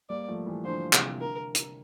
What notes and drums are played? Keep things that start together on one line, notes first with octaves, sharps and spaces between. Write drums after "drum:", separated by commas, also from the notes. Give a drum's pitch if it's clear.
G3 A#3 D5
F3 A3
E3 G3
D3 F3 C5
C3, drum: clap
D3 A#4
drum: hi-hat